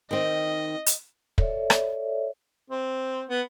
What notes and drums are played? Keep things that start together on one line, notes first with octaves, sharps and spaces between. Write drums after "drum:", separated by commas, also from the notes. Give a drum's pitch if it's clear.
D#3 C4 D#5
drum: hi-hat
A4 C#5 D5 E5, drum: kick
drum: rim click
C4
B3